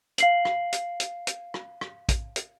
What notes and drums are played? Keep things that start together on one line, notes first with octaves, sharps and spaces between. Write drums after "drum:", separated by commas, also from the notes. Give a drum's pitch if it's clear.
F5 C7 F#7, drum: hi-hat
drum: rim click
drum: hi-hat
drum: hi-hat
drum: hi-hat
drum: rim click
drum: rim click
drum: kick, hi-hat
drum: hi-hat